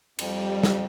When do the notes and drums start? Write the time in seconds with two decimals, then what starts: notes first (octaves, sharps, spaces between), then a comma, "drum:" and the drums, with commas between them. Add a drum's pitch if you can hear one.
0.19 F2 G3, drum: cymbal
0.63 drum: snare